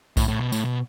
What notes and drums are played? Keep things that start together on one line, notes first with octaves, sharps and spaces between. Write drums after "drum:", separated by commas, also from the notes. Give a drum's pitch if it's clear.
A2, drum: kick B1, tambourine
A2
B2
A2, drum: tambourine
B2